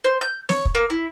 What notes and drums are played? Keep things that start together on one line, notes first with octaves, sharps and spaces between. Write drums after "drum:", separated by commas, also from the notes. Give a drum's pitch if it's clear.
C5
G6
C#5, drum: snare
drum: kick
A#3
E4